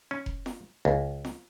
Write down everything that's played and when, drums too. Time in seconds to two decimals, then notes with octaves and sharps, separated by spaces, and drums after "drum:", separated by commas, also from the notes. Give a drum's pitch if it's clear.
0.11 C#4
0.26 drum: kick F1
0.46 drum: snare
0.85 C#2
1.25 drum: snare